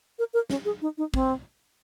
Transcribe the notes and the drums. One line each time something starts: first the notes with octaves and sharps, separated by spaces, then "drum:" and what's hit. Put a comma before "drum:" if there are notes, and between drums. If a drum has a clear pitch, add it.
A#4
A#4
C#4, drum: snare
G#4
D#4
D#4
C4, drum: kick